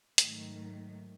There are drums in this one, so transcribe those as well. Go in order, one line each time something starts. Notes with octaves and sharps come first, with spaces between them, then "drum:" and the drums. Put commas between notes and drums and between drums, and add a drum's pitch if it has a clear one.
G#2 D#3 F#3 A3, drum: hi-hat